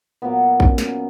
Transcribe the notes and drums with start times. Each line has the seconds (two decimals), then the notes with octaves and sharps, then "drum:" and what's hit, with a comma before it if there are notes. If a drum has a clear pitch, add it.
0.22 A#2 F#3 A#3 B3
0.60 C#4, drum: kick A1
0.78 drum: snare